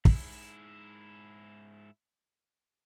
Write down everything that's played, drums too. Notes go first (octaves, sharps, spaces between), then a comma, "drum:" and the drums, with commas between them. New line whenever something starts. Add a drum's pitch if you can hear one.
G#2 E4, drum: kick